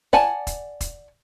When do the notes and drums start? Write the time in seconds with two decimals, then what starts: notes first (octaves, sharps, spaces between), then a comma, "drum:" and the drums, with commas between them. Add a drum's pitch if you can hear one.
0.13 D5 F#5 G#5 A5, drum: snare
0.47 drum: kick E1, hi-hat
0.81 drum: kick E1, hi-hat